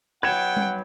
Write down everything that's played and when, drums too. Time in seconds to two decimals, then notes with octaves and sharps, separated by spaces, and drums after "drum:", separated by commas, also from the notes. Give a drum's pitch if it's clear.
0.23 F#3 B4 F#5 G5 G#6 E7
0.57 drum: tom G3